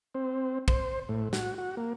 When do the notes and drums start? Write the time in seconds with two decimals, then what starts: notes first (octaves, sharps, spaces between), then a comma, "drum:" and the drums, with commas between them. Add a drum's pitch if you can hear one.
0.15 C4
0.68 C5, drum: kick
1.09 A2
1.33 F#4, drum: snare
1.58 F#4
1.77 A#3